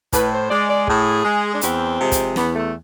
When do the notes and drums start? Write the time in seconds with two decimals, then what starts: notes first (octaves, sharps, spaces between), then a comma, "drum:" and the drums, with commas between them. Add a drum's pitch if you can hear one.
0.13 A2 B4, drum: kick, hi-hat
0.32 C5
0.50 G#3 D5
0.69 D5
0.87 A2 G#4, drum: kick
1.24 G#3
1.53 D4
1.61 E2 C4, drum: hi-hat
1.99 C3 F3 G#3
2.12 drum: kick, hi-hat
2.36 E2 B3, drum: snare
2.55 A3